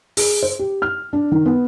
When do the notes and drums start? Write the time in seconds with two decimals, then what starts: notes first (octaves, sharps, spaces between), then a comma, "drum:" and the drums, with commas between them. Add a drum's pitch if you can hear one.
0.17 G#4, drum: open hi-hat
0.42 C5
0.59 G4
0.82 F6
1.13 D4
1.32 D#3
1.46 B3